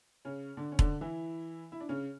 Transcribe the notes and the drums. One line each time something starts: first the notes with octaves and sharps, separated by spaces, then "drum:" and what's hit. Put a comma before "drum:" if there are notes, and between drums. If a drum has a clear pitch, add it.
C#3 C#4
D3 D4
C#4
D3 D4, drum: kick E1
E3 E4
E4
D4
C#3 C#4